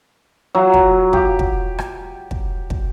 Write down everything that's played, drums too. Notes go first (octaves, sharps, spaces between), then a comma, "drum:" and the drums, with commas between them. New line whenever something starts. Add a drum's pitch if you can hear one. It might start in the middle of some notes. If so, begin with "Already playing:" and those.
F#3
drum: kick
G4, drum: kick
drum: kick
drum: rim click
drum: kick
drum: kick